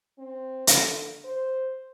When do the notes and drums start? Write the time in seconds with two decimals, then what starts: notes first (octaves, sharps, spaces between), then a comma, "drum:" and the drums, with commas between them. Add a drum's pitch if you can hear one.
0.18 C4
0.67 D3, drum: hi-hat
1.25 C5